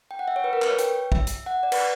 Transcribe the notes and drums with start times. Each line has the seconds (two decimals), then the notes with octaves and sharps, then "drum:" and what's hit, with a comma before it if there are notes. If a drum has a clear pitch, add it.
0.11 G5
0.19 F#5
0.28 E5
0.36 C#5
0.44 B4
0.53 A#4
0.62 B4, drum: clap
0.70 C#5
0.79 G5, drum: hi-hat
1.12 E5, drum: kick
1.27 drum: hi-hat
1.46 F#5
1.63 D5
1.72 B4, drum: cymbal